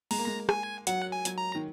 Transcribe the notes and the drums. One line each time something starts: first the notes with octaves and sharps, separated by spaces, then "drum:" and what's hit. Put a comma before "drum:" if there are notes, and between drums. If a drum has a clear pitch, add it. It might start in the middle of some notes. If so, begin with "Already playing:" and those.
G#3 A#5, drum: open hi-hat
A#3
G#3
G#5, drum: rim click
F#3 F#5, drum: hi-hat
G#5
F#3, drum: hi-hat
A#5
D#3